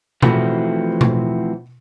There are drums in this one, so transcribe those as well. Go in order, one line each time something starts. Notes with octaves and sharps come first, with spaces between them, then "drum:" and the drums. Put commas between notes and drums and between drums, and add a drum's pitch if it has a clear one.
E3 F3 A3 C4 E4 F#4, drum: tom B2
drum: tom B2